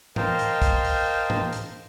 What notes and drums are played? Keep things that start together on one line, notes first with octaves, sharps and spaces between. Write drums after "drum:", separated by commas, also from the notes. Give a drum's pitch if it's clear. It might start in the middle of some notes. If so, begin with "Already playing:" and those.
A#4 C5 D#5 F5 G5 A5, drum: tom G#2
drum: hi-hat
drum: kick, hi-hat
drum: open hi-hat
drum: tom G#2
drum: hi-hat